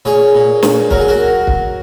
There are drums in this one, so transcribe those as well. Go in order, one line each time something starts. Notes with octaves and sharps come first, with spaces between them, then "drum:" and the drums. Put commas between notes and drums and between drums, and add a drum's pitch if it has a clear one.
A#2 G#4 C#5
A#2
A#2, drum: snare
F#3 A#4, drum: kick
G#4
F#4 A#4
drum: kick